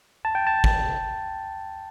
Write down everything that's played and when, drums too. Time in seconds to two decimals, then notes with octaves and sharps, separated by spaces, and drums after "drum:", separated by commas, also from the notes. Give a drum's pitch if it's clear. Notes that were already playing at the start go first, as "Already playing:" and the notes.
0.25 A5
0.35 G5
0.47 A5
0.64 drum: kick